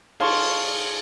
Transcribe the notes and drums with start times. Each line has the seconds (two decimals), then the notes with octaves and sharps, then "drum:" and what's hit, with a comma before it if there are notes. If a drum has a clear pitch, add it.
0.20 G#4 F5 A5 C6 C#6, drum: cymbal